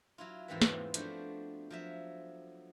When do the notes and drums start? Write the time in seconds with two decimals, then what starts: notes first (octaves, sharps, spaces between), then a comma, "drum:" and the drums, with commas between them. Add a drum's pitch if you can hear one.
0.18 F#3 E4 F4
0.48 E2 G#2 E3 C4 F4 B4
0.62 drum: snare
0.94 F3 A3 B3 D4 F#4 C5, drum: hi-hat
1.70 F3 F#3 E5